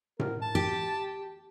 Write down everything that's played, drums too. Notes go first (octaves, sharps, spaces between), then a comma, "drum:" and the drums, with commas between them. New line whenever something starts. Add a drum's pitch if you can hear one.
A#4, drum: tom A2
A5
G4